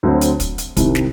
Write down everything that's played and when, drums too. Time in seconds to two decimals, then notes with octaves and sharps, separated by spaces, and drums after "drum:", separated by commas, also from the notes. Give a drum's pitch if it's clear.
0.03 D2 D3 F#3 C4
0.21 drum: hi-hat
0.40 drum: kick, hi-hat
0.58 drum: hi-hat
0.77 C2 C3 D#3, drum: kick, hi-hat
0.95 drum: snare